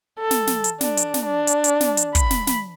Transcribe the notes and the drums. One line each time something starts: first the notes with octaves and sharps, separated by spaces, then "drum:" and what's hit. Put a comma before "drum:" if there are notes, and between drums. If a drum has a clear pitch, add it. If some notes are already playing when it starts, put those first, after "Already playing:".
A4
drum: snare
drum: snare
drum: hi-hat
D4, drum: snare
drum: hi-hat
drum: snare
D4
drum: hi-hat
drum: hi-hat
drum: snare
drum: hi-hat
B5, drum: kick, hi-hat
drum: snare
drum: snare